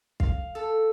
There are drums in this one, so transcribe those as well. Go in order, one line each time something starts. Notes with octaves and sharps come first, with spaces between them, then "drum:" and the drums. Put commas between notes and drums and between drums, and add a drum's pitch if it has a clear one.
F5, drum: kick
A4